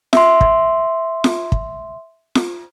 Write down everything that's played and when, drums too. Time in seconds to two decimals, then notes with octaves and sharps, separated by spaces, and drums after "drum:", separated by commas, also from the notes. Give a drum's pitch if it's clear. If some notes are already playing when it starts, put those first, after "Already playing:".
0.13 E5 C6, drum: snare
0.41 drum: kick
1.24 drum: snare
1.52 drum: kick
2.35 drum: snare